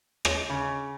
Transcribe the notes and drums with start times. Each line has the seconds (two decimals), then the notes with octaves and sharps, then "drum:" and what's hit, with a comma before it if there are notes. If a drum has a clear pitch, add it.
0.25 G#4 C#5 D#5, drum: rim click
0.50 C#3